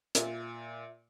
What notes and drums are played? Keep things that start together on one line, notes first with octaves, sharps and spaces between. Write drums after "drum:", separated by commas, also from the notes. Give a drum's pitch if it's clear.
A#2 F4 E5, drum: hi-hat